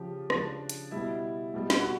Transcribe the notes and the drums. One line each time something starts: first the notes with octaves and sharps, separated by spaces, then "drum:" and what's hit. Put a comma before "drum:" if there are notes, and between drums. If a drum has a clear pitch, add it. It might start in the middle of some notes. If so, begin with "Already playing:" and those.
Already playing: C#3 F3 G4
C#3 F3 D4, drum: rim click
drum: hi-hat
B2 G3 E4
B2 G3
drum: snare
F#4